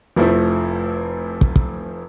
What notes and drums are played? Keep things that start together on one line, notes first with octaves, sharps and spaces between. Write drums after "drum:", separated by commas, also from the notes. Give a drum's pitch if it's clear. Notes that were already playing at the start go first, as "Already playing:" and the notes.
F1 F3 A3 E4 A4 C5
drum: kick
drum: kick